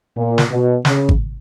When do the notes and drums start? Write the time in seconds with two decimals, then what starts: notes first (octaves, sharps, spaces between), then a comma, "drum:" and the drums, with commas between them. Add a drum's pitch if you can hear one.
0.15 A#2
0.38 drum: snare
0.50 B2
0.85 C#3, drum: snare
1.09 drum: kick G#1